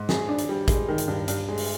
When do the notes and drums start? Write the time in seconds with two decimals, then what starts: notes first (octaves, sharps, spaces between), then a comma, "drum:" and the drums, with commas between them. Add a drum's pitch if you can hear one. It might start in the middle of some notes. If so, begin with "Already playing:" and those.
Already playing: G#2
0.09 G#4, drum: snare
0.29 D4
0.39 drum: hi-hat
0.49 G3
0.68 G#3, drum: kick, hi-hat
0.88 D#3
0.98 drum: hi-hat
1.08 G2
1.28 G2, drum: hi-hat
1.48 G#3
1.58 drum: open hi-hat